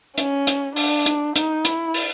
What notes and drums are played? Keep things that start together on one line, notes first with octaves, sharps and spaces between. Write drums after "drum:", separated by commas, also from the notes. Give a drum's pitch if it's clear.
C#4, drum: hi-hat
drum: hi-hat
D4, drum: open hi-hat
drum: hi-hat
D#4, drum: hi-hat
E4, drum: hi-hat
drum: open hi-hat